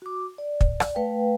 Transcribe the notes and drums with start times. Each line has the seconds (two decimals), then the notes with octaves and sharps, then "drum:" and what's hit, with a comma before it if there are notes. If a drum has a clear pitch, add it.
0.02 F#4 D6
0.38 D5
0.61 drum: kick
0.80 drum: rim click
0.95 A3 B4 F5 G5